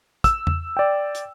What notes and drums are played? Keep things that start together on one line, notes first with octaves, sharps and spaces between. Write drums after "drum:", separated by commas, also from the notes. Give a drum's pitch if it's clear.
E6, drum: kick, hi-hat
drum: tom E2
D5 G5
drum: hi-hat